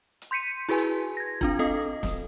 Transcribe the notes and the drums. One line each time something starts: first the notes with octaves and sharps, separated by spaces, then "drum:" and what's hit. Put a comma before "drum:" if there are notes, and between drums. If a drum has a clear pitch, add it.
drum: hi-hat
C6 G6 B6 C#7 D#7
E4 F#4 G#4 B4 G#5 C6
drum: hi-hat
G#6 A#6
C4 D4 F4, drum: kick
C4 A4 D#5 D#6
drum: snare